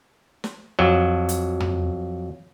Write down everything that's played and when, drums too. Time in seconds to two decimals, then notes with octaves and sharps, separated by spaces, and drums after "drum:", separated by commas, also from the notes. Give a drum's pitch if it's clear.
0.44 drum: snare
0.79 F2 F#3
1.29 drum: hi-hat
1.60 drum: tom